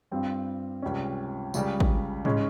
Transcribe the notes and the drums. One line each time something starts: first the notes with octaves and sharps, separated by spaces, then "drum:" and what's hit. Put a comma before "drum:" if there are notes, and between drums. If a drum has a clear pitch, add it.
G2 G3 C4 F4
C#2 C3 G3 C#4
C#2 C#3 G3, drum: tambourine
drum: kick
C#3 G#3 C#4, drum: tom G#2